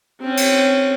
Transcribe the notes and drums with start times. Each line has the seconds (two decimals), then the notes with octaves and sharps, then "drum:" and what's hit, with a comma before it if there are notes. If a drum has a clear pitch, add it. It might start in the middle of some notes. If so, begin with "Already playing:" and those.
0.20 C4 C#4
0.37 drum: cymbal